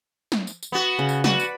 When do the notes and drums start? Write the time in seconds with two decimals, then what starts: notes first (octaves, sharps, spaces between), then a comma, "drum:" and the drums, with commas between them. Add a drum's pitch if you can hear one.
0.32 drum: snare
0.47 drum: tambourine
0.63 drum: tambourine
0.72 B3 F#4
0.99 C#3
1.09 drum: tambourine
1.24 F#4 B4 D5 B5, drum: snare
1.40 drum: tambourine